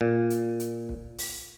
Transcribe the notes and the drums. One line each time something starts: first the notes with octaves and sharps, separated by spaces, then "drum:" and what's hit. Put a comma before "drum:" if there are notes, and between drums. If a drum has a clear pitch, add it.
A#2
drum: hi-hat
drum: hi-hat
drum: kick
drum: open hi-hat